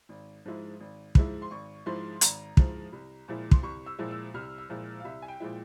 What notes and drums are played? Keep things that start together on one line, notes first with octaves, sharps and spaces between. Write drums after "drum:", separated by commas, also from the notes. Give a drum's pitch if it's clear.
G#1
G#2 F3 G#3 E4
G#1
G#2 F3 G#3 E4, drum: kick
C6
G#1 C#6
G#2 F3 G#3 E4 C6
G#1 A#5, drum: hi-hat
G#2 F3 G#3 E4, drum: kick
C2
A#2 F3 G#3 E4
C6, drum: kick
C2 C#6
E6
A#2 F3 G#3 E4
E6
C2 F6
E6
A#2 F3 G#3 E4
F5
C2 E5
G#5
G5
A#2 F3 G#3 E4